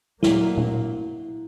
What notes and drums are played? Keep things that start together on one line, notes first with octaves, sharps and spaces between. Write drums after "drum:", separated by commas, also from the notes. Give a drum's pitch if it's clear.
A#2 F#3 A#3 E4, drum: snare
drum: tom A#2